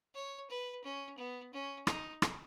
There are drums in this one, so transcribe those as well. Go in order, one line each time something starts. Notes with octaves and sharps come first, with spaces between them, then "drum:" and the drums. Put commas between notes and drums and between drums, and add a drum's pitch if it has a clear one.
C#5
B4
C#4
B3
C#4
D#4, drum: rim click
drum: rim click